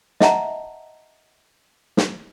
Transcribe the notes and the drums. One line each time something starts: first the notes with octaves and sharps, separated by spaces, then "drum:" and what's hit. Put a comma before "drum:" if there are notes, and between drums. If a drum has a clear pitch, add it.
D#5 E5 F#5 A5 A#5, drum: snare
drum: snare